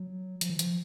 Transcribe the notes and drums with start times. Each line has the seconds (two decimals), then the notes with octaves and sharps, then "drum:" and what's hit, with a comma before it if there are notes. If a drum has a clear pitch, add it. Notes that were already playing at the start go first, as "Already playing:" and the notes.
Already playing: F#3
0.41 F3, drum: hi-hat
0.50 E3
0.59 F3, drum: hi-hat